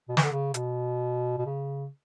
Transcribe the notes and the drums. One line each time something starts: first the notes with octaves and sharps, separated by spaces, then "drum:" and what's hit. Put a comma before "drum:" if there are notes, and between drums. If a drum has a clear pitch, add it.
B2
E3, drum: snare
D3
C#3
B2, drum: hi-hat
B2
C#3